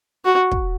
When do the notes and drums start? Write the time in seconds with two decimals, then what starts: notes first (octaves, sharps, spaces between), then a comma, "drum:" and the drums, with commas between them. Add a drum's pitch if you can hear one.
0.25 F#4
0.51 drum: kick